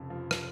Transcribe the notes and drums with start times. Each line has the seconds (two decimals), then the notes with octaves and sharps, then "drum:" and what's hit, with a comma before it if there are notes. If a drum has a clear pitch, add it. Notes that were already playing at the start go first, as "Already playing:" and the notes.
Already playing: F1 F2 C#3
0.10 F3
0.31 drum: rim click